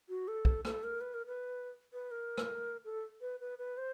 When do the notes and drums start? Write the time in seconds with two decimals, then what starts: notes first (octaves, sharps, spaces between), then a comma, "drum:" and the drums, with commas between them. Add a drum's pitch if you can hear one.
0.09 F#4
0.28 A4
0.45 drum: kick
0.65 A4, drum: rim click
0.84 A#4
1.01 B4
1.14 A#4
1.26 B4
1.93 B4
2.11 A#4
2.38 drum: rim click
2.85 A4
3.21 B4
3.40 B4
3.59 B4
3.77 C5